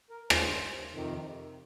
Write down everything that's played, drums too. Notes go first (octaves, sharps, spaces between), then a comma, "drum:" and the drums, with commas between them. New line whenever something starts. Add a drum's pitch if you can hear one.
A#4
G2 D#3 C5, drum: rim click
F2 C3 D#3